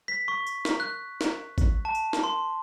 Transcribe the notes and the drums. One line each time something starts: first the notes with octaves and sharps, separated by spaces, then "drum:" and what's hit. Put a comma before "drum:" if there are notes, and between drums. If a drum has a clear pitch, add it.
B6
C#6
drum: tambourine
drum: snare
F#6
drum: snare
drum: kick G#1, tambourine
A5
drum: tambourine
drum: snare
C6